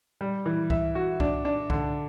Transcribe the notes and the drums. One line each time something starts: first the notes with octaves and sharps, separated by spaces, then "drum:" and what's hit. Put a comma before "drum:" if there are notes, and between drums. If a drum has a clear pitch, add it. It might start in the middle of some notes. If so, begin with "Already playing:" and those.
G3
E3
E5, drum: kick C2
F#4
D4, drum: kick C2
D4
D3, drum: kick C2